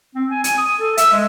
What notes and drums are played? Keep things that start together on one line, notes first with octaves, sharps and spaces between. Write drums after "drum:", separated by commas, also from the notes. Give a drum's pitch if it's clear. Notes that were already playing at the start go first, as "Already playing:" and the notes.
C4
G#5
G#5, drum: hi-hat
D#6
A4
E5, drum: hi-hat
G#3